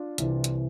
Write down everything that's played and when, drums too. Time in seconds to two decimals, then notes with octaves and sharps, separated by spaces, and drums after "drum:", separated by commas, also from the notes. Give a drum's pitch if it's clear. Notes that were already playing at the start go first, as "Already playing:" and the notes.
Already playing: D4 F4
0.18 C2 C3 E3, drum: hi-hat
0.44 drum: hi-hat